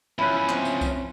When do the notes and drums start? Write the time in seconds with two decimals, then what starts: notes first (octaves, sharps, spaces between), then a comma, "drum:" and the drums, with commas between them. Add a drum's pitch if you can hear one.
0.18 F3 C#4 E4 B5 F#6
0.49 C4, drum: clap
0.65 drum: tambourine
0.81 drum: kick C2, tambourine